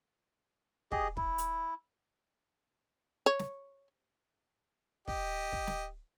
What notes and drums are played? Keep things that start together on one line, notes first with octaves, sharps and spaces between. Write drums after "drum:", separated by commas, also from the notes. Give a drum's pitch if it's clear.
G4 G#4 D#5, drum: kick
E4, drum: kick
drum: hi-hat
C#5
drum: snare
G4 D#5, drum: kick
drum: kick
drum: snare